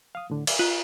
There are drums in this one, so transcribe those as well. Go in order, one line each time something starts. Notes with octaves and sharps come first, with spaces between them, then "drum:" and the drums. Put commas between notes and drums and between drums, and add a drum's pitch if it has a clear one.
F5 D#6
A2 D3
D5 E5 F5, drum: cymbal
F4 D#5